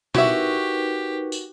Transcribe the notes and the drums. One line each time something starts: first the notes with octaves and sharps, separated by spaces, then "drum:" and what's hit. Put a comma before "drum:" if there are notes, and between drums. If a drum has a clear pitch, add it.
D#4 E4 F#4 G4 A#4 B4 E5, drum: tom
drum: tambourine